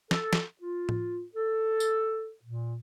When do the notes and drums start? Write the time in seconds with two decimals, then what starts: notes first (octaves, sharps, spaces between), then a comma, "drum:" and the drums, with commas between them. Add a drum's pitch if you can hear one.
0.11 A4, drum: snare
0.33 drum: snare
0.62 F4
0.89 drum: tom A2
1.35 A4
1.80 drum: tambourine
2.44 A#2